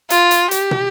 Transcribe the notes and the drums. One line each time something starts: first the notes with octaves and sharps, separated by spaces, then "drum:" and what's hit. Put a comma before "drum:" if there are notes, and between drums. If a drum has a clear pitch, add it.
F4, drum: hi-hat
drum: hi-hat
G4, drum: hi-hat
drum: tom